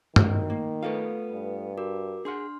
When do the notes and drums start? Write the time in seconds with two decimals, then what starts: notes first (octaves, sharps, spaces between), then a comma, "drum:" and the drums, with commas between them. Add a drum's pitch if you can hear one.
0.16 D#3, drum: tom G2
0.50 A#3
0.83 A3 B3 F4 A4 B4 F5
1.30 G2
1.78 F#4 A#4 D6
2.25 D4 G#4 F#5 C6 F6